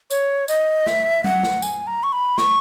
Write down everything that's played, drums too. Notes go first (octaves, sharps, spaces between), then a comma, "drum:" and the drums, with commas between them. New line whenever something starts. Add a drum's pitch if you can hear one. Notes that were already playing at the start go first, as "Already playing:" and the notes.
C#5, drum: tambourine
D#5, drum: tambourine
E5, drum: snare
F#5, drum: tom F#3
drum: snare
G#5, drum: tambourine
A#5
C#6
B5
C#6, drum: snare